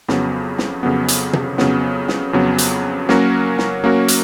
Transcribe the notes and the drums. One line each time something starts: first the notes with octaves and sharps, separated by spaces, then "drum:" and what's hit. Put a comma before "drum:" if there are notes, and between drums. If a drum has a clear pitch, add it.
F2 C#3 F#3 B3, drum: snare
drum: snare
F2 C#3 F#3 B3
drum: hi-hat
drum: tom
F2 C#3 F#3 B3, drum: snare
drum: snare
F2 C#3 F#3 B3
drum: hi-hat
F#3 A#3 C#4 F#4 A#4, drum: snare
drum: snare
F#3 A#3 C#4 F#4 A#4
drum: hi-hat